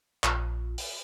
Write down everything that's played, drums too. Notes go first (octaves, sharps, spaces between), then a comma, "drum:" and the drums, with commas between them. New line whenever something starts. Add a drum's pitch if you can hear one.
A#1, drum: clap
drum: open hi-hat